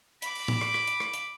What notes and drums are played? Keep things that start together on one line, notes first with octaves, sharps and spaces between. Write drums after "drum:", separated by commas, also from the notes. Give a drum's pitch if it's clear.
B5 D6, drum: hi-hat
drum: open hi-hat
drum: tom A2
drum: rim click
drum: rim click
drum: hi-hat
drum: rim click
drum: hi-hat